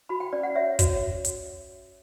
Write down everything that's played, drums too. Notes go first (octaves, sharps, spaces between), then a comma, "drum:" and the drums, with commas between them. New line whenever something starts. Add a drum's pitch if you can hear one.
F#4 B5
G5
C#4 D5
F#5
C#5 E5
F#4 C#5, drum: kick, hi-hat
drum: hi-hat